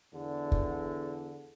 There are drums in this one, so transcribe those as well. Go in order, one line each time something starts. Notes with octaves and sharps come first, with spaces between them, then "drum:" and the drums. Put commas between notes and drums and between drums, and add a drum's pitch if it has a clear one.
E2 D3
drum: kick